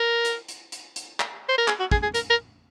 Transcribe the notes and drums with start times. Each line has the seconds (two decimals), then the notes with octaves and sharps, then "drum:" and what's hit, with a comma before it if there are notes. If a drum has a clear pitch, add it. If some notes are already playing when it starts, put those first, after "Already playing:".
Already playing: A#4
0.25 drum: hi-hat
0.49 drum: hi-hat
0.72 drum: hi-hat
0.96 drum: hi-hat
1.20 drum: clap
1.49 C5
1.58 A#4
1.68 G#4, drum: clap
1.80 F#4
1.91 G#4, drum: kick
2.03 G#4
2.14 A#4, drum: hi-hat
2.30 A#4